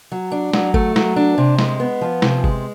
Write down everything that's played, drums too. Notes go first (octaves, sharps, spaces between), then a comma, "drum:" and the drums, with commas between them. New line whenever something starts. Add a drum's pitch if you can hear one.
F#3
D4
F#3, drum: snare
A3, drum: kick G1
F#3, drum: snare
D4
C3
G#3, drum: snare
B3
F3
C3, drum: snare
G#3, drum: kick G1